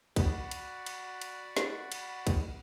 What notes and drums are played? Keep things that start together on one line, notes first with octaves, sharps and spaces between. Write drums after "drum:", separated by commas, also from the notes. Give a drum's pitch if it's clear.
F#4 D5 F#5 B5, drum: kick, cymbal
drum: cymbal
drum: cymbal
drum: cymbal
drum: snare
drum: cymbal
drum: kick, cymbal